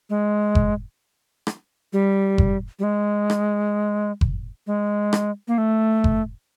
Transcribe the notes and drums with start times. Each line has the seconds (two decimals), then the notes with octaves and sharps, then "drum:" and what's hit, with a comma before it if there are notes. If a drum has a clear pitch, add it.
0.10 G#3
0.55 drum: kick F#1
1.47 drum: rim click
1.93 G3
2.38 drum: kick F#1
2.79 G3
2.83 G#3
3.30 drum: rim click
4.21 drum: kick F#1
4.67 G#3
5.13 drum: rim click
5.48 A#3
5.58 A3
6.04 drum: kick F#1